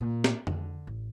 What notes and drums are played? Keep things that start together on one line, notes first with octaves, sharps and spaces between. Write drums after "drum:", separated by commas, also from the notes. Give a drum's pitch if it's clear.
A#2
drum: snare
D3, drum: tom F2
A1